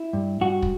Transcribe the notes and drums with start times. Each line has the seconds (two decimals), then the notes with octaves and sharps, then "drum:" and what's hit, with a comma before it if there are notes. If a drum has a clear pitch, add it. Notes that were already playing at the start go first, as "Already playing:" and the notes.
Already playing: E4
0.13 G2
0.41 G2 F#4
0.62 drum: kick